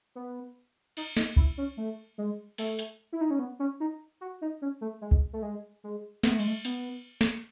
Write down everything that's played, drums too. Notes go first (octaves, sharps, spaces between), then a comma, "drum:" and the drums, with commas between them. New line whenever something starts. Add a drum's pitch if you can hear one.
B3
D#4, drum: cymbal
D#4, drum: snare
E4, drum: kick C2
C#4
A3
G#3
A3, drum: open hi-hat
drum: hi-hat
E4
D#4
C#4
B3
C#4
D#4
F#4
D#4
C#4
A3
G#3
drum: kick C2
A3
G#3
G#3
B3, drum: snare
A3
G#3, drum: cymbal
A3
B3, drum: hi-hat
drum: snare